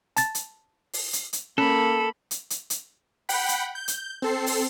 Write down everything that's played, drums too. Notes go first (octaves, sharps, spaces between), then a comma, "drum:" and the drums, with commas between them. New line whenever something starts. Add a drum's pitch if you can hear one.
A5 A6, drum: hi-hat
drum: hi-hat
drum: open hi-hat
drum: hi-hat
drum: hi-hat
A#3 C#4 A4 B5
drum: hi-hat
drum: hi-hat
drum: hi-hat
F#5 G5 B5, drum: open hi-hat
drum: hi-hat
G6
drum: hi-hat
C4 A4 C7
drum: open hi-hat